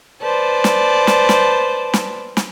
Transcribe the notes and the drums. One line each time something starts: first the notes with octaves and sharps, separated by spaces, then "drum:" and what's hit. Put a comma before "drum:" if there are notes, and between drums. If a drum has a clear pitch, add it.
B4 C5 D5 A5
drum: snare
drum: snare
drum: snare
drum: snare
drum: snare